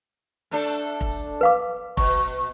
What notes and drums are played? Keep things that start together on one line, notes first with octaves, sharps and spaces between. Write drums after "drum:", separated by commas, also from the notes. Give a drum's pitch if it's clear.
A3 D4 A4
drum: kick F1
B4 F5 D6
B2 C#6, drum: kick F1